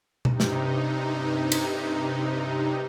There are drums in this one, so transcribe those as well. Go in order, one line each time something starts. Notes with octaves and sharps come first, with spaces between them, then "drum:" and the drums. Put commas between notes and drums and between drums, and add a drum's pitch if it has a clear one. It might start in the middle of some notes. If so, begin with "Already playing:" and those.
G2 C3 D#4, drum: tom B2
drum: snare
drum: cymbal